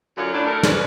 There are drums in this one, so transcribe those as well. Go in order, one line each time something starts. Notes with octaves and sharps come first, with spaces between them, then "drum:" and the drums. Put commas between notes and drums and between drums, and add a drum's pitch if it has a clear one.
F#2 D3 F#3 F4 C#5
A2 F#3 D4
A3 A4 A#4
G#2 C#4 D#4 B4 D5, drum: snare